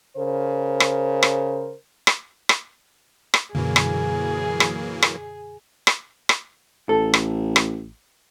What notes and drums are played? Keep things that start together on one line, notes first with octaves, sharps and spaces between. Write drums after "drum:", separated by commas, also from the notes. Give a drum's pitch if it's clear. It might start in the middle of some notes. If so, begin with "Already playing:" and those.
C#3 A#4 C5
drum: rim click
drum: rim click
drum: rim click
drum: rim click
drum: rim click
F#2 B2 D3 E3 F#3 A#3 G#4
drum: rim click
drum: rim click
drum: rim click
drum: rim click
drum: rim click
A1 A4
drum: rim click
drum: rim click